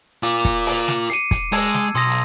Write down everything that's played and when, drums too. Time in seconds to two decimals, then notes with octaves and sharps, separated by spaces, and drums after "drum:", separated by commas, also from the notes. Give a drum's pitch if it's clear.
0.23 F4 A#4 D6, drum: hi-hat
0.45 drum: kick, hi-hat
0.66 drum: open hi-hat
0.88 drum: snare
1.10 C7 C#7 D#7, drum: hi-hat
1.31 drum: kick, hi-hat
1.52 G#3 A5 E6 G#6, drum: open hi-hat
1.74 drum: snare
1.95 B1 C6 D#6 A#6, drum: hi-hat